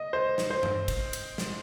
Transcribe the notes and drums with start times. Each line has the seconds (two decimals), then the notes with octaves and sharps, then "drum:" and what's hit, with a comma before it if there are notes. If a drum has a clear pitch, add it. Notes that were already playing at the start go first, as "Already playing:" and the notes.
Already playing: D#5
0.13 C5
0.38 drum: snare
0.50 C5
0.63 drum: tom F#2
0.88 drum: kick, cymbal
1.13 drum: cymbal
1.38 drum: snare